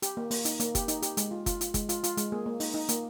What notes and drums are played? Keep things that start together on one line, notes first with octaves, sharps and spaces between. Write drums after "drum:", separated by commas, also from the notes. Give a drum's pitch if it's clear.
G4, drum: hi-hat
A#3
A#3, drum: open hi-hat
D#4, drum: hi-hat
A#3, drum: hi-hat
G4, drum: kick F#1, hi-hat
D#4, drum: hi-hat
G4, drum: hi-hat
G#3, drum: hi-hat
F4
F4, drum: kick F#1, hi-hat
F4, drum: hi-hat
G#3, drum: kick F#1, hi-hat
F4, drum: hi-hat
F4, drum: hi-hat
G#3, drum: hi-hat
A#3 G#4
A#3
D#4, drum: open hi-hat
D#4
A#3, drum: hi-hat